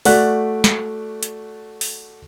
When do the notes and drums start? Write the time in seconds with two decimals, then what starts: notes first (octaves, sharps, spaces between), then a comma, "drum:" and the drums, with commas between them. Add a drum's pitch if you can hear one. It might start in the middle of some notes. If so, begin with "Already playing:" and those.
0.05 A3 F#4 D5 F#5 F#6 B6, drum: open hi-hat
0.64 drum: snare
1.23 drum: hi-hat
1.81 drum: open hi-hat